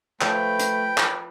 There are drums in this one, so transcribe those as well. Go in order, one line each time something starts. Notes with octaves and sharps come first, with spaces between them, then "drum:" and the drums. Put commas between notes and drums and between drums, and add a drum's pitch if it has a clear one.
F3 A3 B4 G5, drum: clap
drum: hi-hat
drum: clap